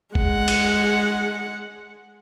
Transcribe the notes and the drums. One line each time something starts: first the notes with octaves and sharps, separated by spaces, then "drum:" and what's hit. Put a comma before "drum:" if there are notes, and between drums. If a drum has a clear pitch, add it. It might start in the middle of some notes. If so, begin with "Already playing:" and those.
G#3 F#5, drum: kick G1
drum: cymbal